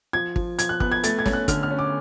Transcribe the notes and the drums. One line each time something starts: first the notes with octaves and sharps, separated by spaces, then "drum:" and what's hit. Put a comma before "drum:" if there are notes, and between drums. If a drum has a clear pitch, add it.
F3 G#6
F3, drum: kick
F3 G#6, drum: hi-hat
F#6
B3 F#6, drum: kick
G#6
A3 A6, drum: hi-hat
G#6
C#4, drum: snare
F#6
D3 F6, drum: kick, hi-hat
F6
C#4
D6